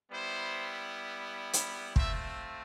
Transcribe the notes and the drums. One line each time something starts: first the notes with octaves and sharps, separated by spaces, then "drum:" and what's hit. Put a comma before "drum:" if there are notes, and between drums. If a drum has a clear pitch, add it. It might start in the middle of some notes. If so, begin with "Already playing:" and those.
G3 B3 E4 C5
drum: hi-hat
A3 C4 F4 E5, drum: kick